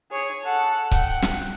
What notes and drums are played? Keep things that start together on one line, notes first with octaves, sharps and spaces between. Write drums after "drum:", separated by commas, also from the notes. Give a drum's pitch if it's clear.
G#4 C#5
A4 F#5
F#5 G5, drum: kick C#1, hi-hat
drum: snare